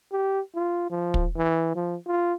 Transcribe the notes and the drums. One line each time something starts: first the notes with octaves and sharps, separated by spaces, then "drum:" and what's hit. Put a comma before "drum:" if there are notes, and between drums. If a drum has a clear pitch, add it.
G4
F4
F3
drum: kick
E3
F3
F4